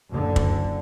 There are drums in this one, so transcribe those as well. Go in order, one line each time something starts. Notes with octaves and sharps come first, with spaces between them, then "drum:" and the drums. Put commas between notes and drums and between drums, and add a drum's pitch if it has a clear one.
F#1 D3
drum: kick